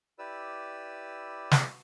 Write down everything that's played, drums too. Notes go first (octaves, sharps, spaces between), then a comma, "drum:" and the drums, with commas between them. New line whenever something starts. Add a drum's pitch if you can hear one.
E4 G4 B4 D5 E6
drum: snare